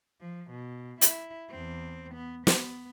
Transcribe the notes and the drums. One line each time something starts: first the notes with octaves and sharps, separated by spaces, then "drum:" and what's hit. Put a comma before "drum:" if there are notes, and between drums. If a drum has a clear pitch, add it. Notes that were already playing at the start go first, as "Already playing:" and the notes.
F3
B2
E4, drum: hi-hat
E2 C4
B3
B3, drum: snare